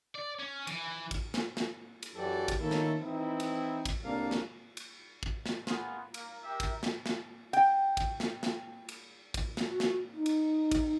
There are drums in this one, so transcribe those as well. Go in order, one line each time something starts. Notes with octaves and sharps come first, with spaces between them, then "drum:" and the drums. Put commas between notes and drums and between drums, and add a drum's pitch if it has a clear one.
D5
C#4
E3, drum: cymbal
drum: kick, cymbal
drum: snare
drum: snare
drum: cymbal
F#2 E3 F#3 G4 A4 D5
drum: kick, cymbal
D#3 A3 A#3 C#4 E4 A4
drum: snare
E3 C4 D#4 E4
drum: cymbal
drum: kick, cymbal
C2 A2 A#3 D4 A4 F5
drum: snare
drum: cymbal
drum: kick
drum: snare
A#3 B3 F4 G#4, drum: snare
A#3, drum: cymbal
G4 A#4 E5
drum: kick, cymbal
drum: snare
drum: snare
G5, drum: cymbal
drum: kick, cymbal
drum: snare
drum: snare
drum: cymbal
drum: kick, cymbal
drum: snare
F#4
drum: snare
D#4
drum: cymbal
drum: kick, cymbal